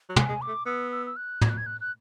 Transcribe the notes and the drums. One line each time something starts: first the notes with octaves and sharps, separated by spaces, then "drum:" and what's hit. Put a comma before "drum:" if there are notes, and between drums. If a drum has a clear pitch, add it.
F#3
G#5, drum: tom
G#3
D6
A3
B3 E6
E6
E6
F#6
G#6, drum: tom
F#6
G#6
F#6
F#6